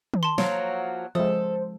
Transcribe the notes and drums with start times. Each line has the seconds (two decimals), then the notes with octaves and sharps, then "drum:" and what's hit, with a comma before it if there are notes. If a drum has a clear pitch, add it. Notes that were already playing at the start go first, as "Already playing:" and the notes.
0.14 drum: tom D#3
0.23 A5 C6
0.38 F3 F#3 A#3, drum: snare
1.15 F3 G#3 A4 C5 D#6